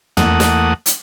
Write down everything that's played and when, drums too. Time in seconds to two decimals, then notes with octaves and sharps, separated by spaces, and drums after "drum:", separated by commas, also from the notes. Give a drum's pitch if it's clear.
0.17 E2 A3 A#3 F#5 D#6, drum: tom
0.40 drum: snare
0.86 drum: hi-hat